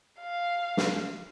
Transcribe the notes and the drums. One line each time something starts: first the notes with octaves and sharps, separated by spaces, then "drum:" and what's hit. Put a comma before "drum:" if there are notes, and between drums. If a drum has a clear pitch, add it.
F5
drum: snare